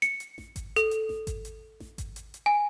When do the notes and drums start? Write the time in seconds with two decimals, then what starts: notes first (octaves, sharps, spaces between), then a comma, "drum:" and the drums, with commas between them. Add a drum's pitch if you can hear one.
0.02 C#7, drum: hi-hat
0.20 drum: hi-hat
0.38 drum: snare A1
0.56 drum: kick G#1, hi-hat
0.76 A4, drum: hi-hat
0.91 drum: hi-hat
1.09 drum: snare A1
1.27 drum: kick G#1, hi-hat
1.45 drum: hi-hat
1.80 drum: snare A1
1.98 drum: kick G#1, hi-hat
2.16 drum: hi-hat
2.34 drum: hi-hat
2.46 G#5